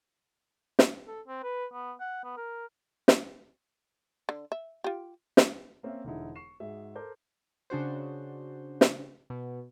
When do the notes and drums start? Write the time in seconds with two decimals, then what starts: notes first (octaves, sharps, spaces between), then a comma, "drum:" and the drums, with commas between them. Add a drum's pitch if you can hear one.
0.79 drum: snare
1.07 A4
1.27 C4
1.43 B4
1.73 B3
2.00 F#5
2.24 B3
2.37 A#4
3.08 drum: snare
4.29 D3
4.52 E5
4.84 F4 G4
5.37 drum: snare
5.83 A#3 C4 C#4 E5 F5
6.04 E1 D3 D#4 E4
6.36 C#6 C7 E7
6.60 G#2 F#4 G#4 E5
6.95 A4 A#4 C5 D6 G6
7.70 C#3 D4 F#4 C5
8.81 drum: snare
9.30 B2